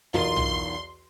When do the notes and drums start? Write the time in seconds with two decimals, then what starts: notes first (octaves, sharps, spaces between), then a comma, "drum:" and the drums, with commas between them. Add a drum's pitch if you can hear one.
0.14 B1 E2 D#4 F4 A#4 C6
0.36 drum: tom B1